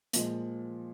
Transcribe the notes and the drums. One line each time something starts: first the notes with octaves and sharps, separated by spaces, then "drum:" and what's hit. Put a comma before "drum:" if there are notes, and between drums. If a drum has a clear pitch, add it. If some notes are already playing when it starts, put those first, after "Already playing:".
A#2 F3 G#3, drum: hi-hat